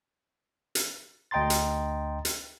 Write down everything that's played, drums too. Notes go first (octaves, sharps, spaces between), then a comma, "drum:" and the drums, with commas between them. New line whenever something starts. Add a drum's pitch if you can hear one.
drum: hi-hat
D2 D#5 G5 A#5 C6 A6
drum: hi-hat
drum: hi-hat